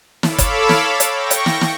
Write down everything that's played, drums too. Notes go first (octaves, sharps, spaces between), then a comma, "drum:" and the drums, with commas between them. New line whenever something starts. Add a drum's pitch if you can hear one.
A4 C#5 F5 B5 D6 E6, drum: snare
drum: kick, hi-hat
drum: snare
drum: hi-hat
G5 C#6 A#6
drum: hi-hat
drum: snare
drum: snare